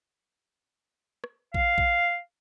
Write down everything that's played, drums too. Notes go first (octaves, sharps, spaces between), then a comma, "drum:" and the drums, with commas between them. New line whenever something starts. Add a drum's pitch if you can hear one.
drum: rim click
F5, drum: kick
drum: kick